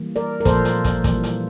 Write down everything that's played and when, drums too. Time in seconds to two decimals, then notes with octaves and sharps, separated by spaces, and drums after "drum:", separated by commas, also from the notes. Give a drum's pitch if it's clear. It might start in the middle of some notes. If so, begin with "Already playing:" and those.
Already playing: E3 G3 A#3
0.16 A#4 D5
0.41 A#4
0.45 A#2 F3 A#3 A4 C5, drum: kick, hi-hat
0.65 drum: hi-hat
0.84 drum: kick, hi-hat
1.04 E3 G3 A#3, drum: kick, hi-hat
1.23 drum: hi-hat